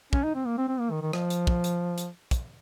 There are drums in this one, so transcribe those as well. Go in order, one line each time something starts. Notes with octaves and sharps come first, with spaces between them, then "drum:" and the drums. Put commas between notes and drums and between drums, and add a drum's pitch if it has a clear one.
C#4, drum: kick
D#4
C4
A#3
C4
C4
A#3
D#3
D#3
F3, drum: rim click
drum: hi-hat
drum: kick
drum: hi-hat
drum: hi-hat
drum: kick, hi-hat